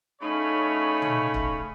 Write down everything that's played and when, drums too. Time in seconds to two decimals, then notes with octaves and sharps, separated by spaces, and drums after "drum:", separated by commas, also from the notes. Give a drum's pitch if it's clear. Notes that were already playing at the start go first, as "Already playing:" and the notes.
0.21 C#3 A3 C#4 D#4 C#5 B5
1.02 drum: tom
1.34 drum: kick